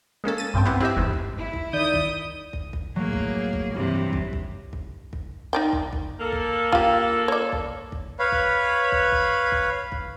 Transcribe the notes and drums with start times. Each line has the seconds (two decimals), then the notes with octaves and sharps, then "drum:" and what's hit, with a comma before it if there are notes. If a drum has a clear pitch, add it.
0.24 G#3 A#3 C#4 A4
0.38 A6 D#7
0.54 B1 G2 C4 G5
0.65 B3 C4 E4 G4
0.81 C4 E4 G4 D#5 E5
0.97 G1 E2 G#2
1.13 drum: kick
1.35 E4
1.53 drum: kick
1.73 D#3 D5 D#6 G6
1.93 drum: kick
2.53 drum: kick
2.73 drum: kick
2.96 A2 F#3 A#3 G#4
3.13 drum: kick
3.53 drum: kick
3.73 G2 C3 E3
4.13 drum: kick
4.33 drum: kick
4.73 drum: kick
5.13 drum: kick
5.53 D#4 D5 G5
5.73 drum: kick
5.93 drum: kick
6.20 A#3 A4
6.33 drum: kick
6.72 F4 G4, drum: kick
7.28 C#5 D5
7.52 drum: kick
7.92 drum: kick
8.19 B4 C#5 F5 B5
8.32 drum: kick
8.92 drum: kick
9.12 drum: kick
9.52 drum: kick
9.92 drum: kick